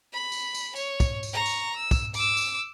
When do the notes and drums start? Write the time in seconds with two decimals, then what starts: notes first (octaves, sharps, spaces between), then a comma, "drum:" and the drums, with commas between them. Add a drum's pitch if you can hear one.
0.13 B5
0.32 drum: tambourine
0.55 drum: tambourine
0.75 C#5, drum: tambourine
1.00 drum: kick, tambourine
1.23 drum: tambourine
1.32 A#5 C#6
1.46 drum: tambourine
1.76 E6
1.91 drum: kick, tambourine
2.14 D6 E6, drum: tambourine
2.37 drum: tambourine